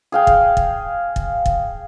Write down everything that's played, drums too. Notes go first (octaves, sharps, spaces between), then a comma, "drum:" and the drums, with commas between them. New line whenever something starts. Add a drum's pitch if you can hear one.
G#4 F5 G5
drum: kick
drum: kick
drum: kick
drum: kick